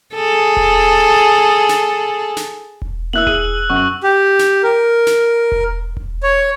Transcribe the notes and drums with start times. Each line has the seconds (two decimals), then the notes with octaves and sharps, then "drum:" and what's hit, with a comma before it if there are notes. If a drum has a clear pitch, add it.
0.15 G#4 A4
0.57 drum: kick E1
1.69 drum: snare
2.37 drum: snare
2.82 drum: kick E1
3.13 A#3 E4 E5 E6 F#6 F#7
3.27 G#4 D#7, drum: kick E1
3.70 F#2 F#5 C#6
4.03 G4
4.39 drum: snare
4.63 A#4
5.07 drum: snare
5.52 drum: kick E1
5.97 drum: kick E1
6.23 C#5